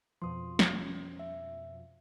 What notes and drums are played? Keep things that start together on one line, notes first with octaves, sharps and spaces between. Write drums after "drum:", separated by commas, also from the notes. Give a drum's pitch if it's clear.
F2 B2 F3 C6 D#6
drum: snare
C#4
E5